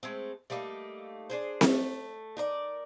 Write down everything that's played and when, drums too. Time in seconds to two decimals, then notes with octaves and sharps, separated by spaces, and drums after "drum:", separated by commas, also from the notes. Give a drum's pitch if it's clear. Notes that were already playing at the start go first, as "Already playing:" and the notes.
0.03 G#3 A3 C4
0.50 G3 A3 A#3 D#4
1.30 D4 G#4 C5
1.61 A3, drum: snare C4
2.37 D#4 A#4 D5